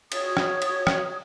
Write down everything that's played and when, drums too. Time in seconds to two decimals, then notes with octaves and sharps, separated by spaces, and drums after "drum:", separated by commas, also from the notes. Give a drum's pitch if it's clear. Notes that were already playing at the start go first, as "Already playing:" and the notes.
0.12 F#4 C#5 D#6, drum: cymbal
0.37 drum: rim click
0.62 drum: cymbal
0.87 drum: rim click